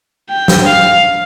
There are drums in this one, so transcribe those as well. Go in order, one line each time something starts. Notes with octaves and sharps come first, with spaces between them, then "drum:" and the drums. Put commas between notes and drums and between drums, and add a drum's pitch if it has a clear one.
G5
drum: snare
F5